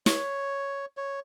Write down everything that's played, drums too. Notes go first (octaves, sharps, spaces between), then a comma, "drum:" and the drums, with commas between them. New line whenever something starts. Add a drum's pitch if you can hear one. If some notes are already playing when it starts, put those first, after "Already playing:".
C#5, drum: snare
C#5